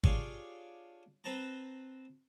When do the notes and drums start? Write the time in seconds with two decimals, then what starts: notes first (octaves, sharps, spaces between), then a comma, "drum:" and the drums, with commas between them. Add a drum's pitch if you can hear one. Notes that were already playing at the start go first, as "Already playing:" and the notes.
0.04 D4 F4 G4 G#4 C#5 F5, drum: kick
1.24 C4 B4 C5 A5 A#5